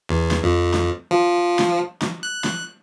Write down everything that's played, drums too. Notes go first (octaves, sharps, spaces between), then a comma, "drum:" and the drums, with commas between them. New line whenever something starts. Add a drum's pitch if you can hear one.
E2
drum: snare
F2
drum: snare
F3
drum: snare
drum: snare
F#6
drum: snare